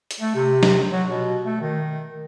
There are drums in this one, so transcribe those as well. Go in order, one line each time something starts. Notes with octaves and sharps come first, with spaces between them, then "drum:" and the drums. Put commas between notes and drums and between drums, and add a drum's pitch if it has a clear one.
drum: hi-hat
A3
C3
drum: snare
F#3
B2
A3
D#3